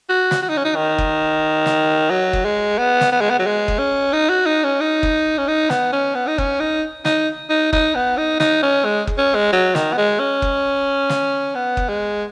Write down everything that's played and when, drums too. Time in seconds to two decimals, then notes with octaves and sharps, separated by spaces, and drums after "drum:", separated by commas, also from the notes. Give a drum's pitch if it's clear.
0.09 F#4
0.31 drum: snare
0.42 F#4
0.49 D#4
0.57 C#4
0.65 D#4
0.76 D#3
0.98 drum: kick F#1
1.66 drum: snare
2.11 F#3
2.33 drum: kick F#1
2.45 G#3
2.78 B3
3.01 drum: snare
3.12 B3
3.21 G#3
3.30 B3
3.39 F#3
3.46 G#3
3.68 drum: kick F#1
3.79 C#4
4.13 D#4
4.29 F#4
4.46 D#4
4.64 C#4
4.81 D#4
5.03 drum: kick F#1
5.38 C#4
5.48 D#4
5.70 B3, drum: snare
5.93 C#4
6.15 B3
6.27 D#4
6.38 C#4, drum: kick F#1
6.60 D#4
7.05 D#4, drum: snare
7.50 D#4
7.73 D#4, drum: kick F#1
7.95 B3
8.17 D#4
8.40 D#4, drum: snare
8.63 C#4
8.85 G#3
9.07 drum: kick F#1
9.18 C#4
9.35 G#3
9.53 F#3
9.75 D#3, drum: snare
9.93 B3
9.98 G#3
10.20 C#4
10.42 drum: kick F#1
11.10 drum: snare
11.55 B3
11.77 drum: kick F#1
11.89 G#3